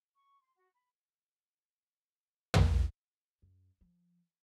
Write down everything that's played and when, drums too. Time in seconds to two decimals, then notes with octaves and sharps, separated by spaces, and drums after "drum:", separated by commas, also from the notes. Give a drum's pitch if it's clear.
0.14 C#6
0.41 C6
0.55 F#4
0.73 B5
2.54 drum: tom
3.42 F#2
3.81 F3